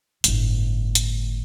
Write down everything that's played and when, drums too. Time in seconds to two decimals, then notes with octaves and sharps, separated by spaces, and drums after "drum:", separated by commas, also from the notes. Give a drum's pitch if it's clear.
0.24 G1 A2, drum: hi-hat
0.95 drum: hi-hat